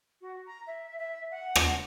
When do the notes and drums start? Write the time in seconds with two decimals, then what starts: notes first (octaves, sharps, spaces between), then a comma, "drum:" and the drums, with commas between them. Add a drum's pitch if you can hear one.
0.21 F#4
0.46 A#5
0.66 E5
0.98 E5
1.31 F#5
1.55 drum: rim click